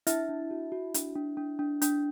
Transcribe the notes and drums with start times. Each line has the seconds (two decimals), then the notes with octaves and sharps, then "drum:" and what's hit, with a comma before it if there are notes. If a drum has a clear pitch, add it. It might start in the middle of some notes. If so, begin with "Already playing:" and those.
0.07 D4 E4 E5, drum: hi-hat
0.29 D4
0.51 F#4
0.72 F#4
0.94 D4, drum: hi-hat
1.16 D4
1.37 D4
1.59 D4
1.82 D4, drum: hi-hat